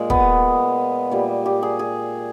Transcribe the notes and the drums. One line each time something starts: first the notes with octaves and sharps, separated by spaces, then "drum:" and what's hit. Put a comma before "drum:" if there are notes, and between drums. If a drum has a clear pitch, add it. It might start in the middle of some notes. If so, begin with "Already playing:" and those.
Already playing: A#2 G#3
B3, drum: kick
A#2 G3
G4
G#4
G#4